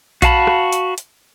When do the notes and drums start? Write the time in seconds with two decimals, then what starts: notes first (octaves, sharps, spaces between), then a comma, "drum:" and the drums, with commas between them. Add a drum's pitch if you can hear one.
0.22 F#4 F5 A5 B5, drum: kick A#1, hi-hat
0.47 drum: rim click
0.73 drum: hi-hat
0.98 drum: hi-hat